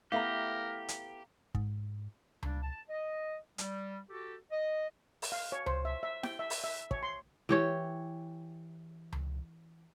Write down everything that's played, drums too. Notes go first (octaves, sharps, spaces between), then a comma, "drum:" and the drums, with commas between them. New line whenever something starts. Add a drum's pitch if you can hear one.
A3 B3 E4 G4 A#4 F5 A#5
drum: hi-hat
G#2, drum: kick
G3 A#3 D4, drum: tom C#2
A5
D#5
G3, drum: hi-hat
F#4 G4 A4
D#5
drum: open hi-hat
F5
C#5
C5, drum: tom C#2
E5
E5
G5, drum: snare E4
E5
drum: open hi-hat
E5
C#5, drum: kick
C6
E3 G4 C#5
drum: tom C#2